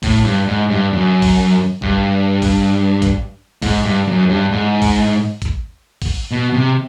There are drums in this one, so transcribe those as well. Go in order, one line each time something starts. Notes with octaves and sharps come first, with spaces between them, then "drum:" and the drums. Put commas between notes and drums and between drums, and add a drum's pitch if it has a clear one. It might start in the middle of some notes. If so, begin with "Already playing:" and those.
A2, drum: kick, open hi-hat
G2
G#2
G2
F#2
drum: kick, open hi-hat
G2, drum: kick
drum: kick, open hi-hat
drum: kick, hi-hat
G#2, drum: kick, open hi-hat
G2
F#2
G2
G#2
drum: kick, open hi-hat
drum: kick, hi-hat
drum: kick, open hi-hat
B2
C3